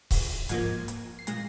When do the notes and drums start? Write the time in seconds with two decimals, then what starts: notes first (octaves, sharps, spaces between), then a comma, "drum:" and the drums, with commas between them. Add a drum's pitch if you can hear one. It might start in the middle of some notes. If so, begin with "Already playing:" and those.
0.11 drum: kick C#1, open hi-hat
0.49 G#2 F3 A#3 G#6, drum: hi-hat
0.88 drum: hi-hat
1.19 C7
1.27 A#2 G#3 A#6, drum: hi-hat